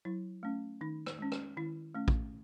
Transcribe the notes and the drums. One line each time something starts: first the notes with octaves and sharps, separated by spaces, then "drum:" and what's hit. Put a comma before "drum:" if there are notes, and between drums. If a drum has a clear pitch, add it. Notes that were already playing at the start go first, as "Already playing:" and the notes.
F#3 E4
A3 C#4
D#3 D#4
drum: rim click
G#3 C#4
drum: rim click
D#3 E4
A3 C#4
drum: kick